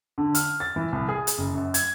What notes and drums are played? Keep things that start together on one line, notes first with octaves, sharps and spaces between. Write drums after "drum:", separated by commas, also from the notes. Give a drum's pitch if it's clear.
D3
F6, drum: hi-hat
A6
E3
C2
G#4
drum: hi-hat
F#1
F#2
G#6, drum: hi-hat